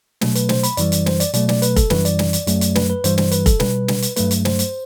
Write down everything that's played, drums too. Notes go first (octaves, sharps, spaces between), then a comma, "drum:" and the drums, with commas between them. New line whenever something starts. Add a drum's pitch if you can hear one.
B2 F#3 A3, drum: snare
B4, drum: hi-hat
C5, drum: snare
B5, drum: hi-hat
F#2 E3 G3 D5, drum: hi-hat
drum: hi-hat
C5, drum: snare
D5, drum: hi-hat
B2 F#3 A3 D5, drum: hi-hat
D5, drum: snare
B4, drum: hi-hat
A4, drum: kick F1, hi-hat
F#2 E3 G3 B4, drum: snare
D5, drum: hi-hat
drum: snare
drum: hi-hat
F#2 F#3 A3, drum: hi-hat
drum: hi-hat
B4, drum: snare
B4
G2 E3 G3 C5, drum: hi-hat
C5, drum: snare
B4, drum: hi-hat
A4, drum: kick F1, hi-hat
B2 G3 B4, drum: snare
drum: snare
drum: hi-hat
G2 F#3 A3 B4, drum: hi-hat
drum: hi-hat
C5, drum: snare
drum: hi-hat